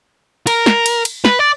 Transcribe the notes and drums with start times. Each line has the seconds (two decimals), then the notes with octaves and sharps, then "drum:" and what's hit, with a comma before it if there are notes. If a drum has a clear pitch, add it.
0.47 A#4, drum: cymbal
0.66 drum: snare
0.86 drum: cymbal
1.05 drum: cymbal
1.25 B4, drum: snare
1.39 D5